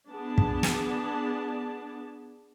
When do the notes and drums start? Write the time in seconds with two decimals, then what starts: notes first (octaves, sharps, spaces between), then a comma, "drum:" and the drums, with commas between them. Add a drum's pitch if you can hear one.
0.10 B3 D4 G#4 A5
0.38 drum: kick
0.63 drum: snare